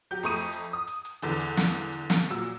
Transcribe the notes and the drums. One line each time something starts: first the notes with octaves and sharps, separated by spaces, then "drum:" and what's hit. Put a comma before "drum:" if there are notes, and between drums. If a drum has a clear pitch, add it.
F#3 G4 G6
F2 A3 A#5 C#6 D#6 D#7
drum: hi-hat
D#6
drum: hi-hat
drum: hi-hat
E2 D3 E3, drum: hi-hat
drum: hi-hat
drum: snare
drum: hi-hat
drum: hi-hat
drum: snare
A#2 F#3 E6, drum: hi-hat